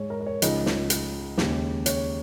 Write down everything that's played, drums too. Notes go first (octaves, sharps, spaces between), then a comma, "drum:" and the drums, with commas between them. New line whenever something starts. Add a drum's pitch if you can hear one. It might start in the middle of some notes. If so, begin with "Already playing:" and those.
Already playing: G#2 G#3 C#5
A#4
A#4
C#5
C#2 C#3 F3 D#4 D#5, drum: hi-hat
drum: snare
drum: hi-hat
D#2 C#3 G#3, drum: snare
C#5, drum: hi-hat